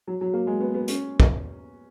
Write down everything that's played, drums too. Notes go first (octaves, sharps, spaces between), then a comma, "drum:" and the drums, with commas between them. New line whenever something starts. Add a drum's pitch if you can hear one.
F#3
F#3
A#3
G#3
B3
B3
C#4, drum: hi-hat
drum: kick